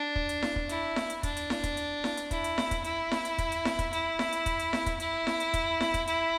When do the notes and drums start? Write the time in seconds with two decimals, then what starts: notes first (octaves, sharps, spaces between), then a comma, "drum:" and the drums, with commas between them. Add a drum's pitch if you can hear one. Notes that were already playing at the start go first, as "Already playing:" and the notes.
Already playing: D4
0.16 drum: kick
0.29 drum: hi-hat
0.42 drum: snare E4
0.56 drum: kick
0.69 E4, drum: hi-hat
0.96 drum: snare E4
1.10 drum: hi-hat
1.23 D4, drum: kick, hi-hat
1.37 drum: hi-hat
1.50 drum: snare E4
1.64 drum: kick, hi-hat
1.77 drum: hi-hat
2.04 drum: snare E4
2.17 drum: hi-hat
2.31 E4, drum: kick, hi-hat
2.44 drum: hi-hat
2.58 drum: snare E4
2.71 drum: kick, hi-hat
2.84 E4, drum: hi-hat
3.12 drum: snare E4
3.25 drum: hi-hat
3.38 drum: kick, hi-hat
3.52 drum: hi-hat
3.65 drum: snare E4
3.79 drum: kick, hi-hat
3.93 E4, drum: hi-hat
4.19 drum: snare E4
4.33 drum: hi-hat
4.46 drum: kick, hi-hat
4.59 drum: hi-hat
4.73 drum: snare E4
4.86 drum: kick, hi-hat
5.00 E4, drum: hi-hat
5.27 drum: snare E4
5.40 drum: hi-hat
5.54 drum: kick, hi-hat
5.81 drum: snare E4
5.94 drum: kick, hi-hat
6.08 E4, drum: hi-hat